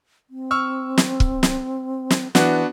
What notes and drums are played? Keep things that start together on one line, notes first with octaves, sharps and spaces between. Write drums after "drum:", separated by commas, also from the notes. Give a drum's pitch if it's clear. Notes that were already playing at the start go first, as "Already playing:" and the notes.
C4
C#6 E6 F6
drum: snare
drum: kick
drum: snare
drum: snare
E3 B3 D4 F#4, drum: snare